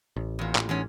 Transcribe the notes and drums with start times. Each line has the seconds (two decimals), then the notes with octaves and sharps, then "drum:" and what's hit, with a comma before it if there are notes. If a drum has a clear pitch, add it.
0.16 A1
0.39 E2 A#2
0.55 A1, drum: clap
0.69 E2 G#2 C#4